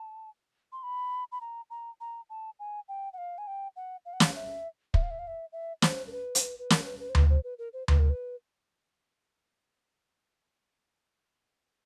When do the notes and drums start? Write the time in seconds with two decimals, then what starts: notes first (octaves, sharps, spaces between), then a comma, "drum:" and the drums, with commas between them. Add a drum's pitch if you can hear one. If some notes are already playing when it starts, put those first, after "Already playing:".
Already playing: A5
0.72 C6
0.83 B5
1.32 B5
1.41 A#5
1.70 A#5
2.01 A#5
2.30 A5
2.59 G#5
2.88 G5
3.13 F#5
3.18 F5
3.38 G#5
3.47 G5
3.76 F#5
4.06 F5
4.13 F#5
4.20 F5, drum: snare
4.36 E5
4.94 E5, drum: kick
5.02 F5
5.11 E5
5.19 F5
5.27 E5
5.52 E5
5.82 C5, drum: snare
6.07 A#4
6.12 B4
6.35 C5, drum: hi-hat
6.41 B4
6.59 B4
6.70 A#4, drum: snare
6.85 B4
7.00 B4
7.09 C5
7.15 B4, drum: tom D2
7.30 C5
7.44 B4
7.58 A#4
7.73 C5
7.88 B4, drum: tom D2
7.99 A#4
8.10 B4